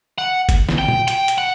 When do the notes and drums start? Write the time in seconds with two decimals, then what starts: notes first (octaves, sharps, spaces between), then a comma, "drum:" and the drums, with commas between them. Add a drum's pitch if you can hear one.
0.18 F#5
0.49 drum: kick G1, hi-hat
0.69 drum: snare
0.78 G5
0.88 drum: tom A#2
1.08 G5, drum: hi-hat
1.28 drum: hi-hat
1.38 F#5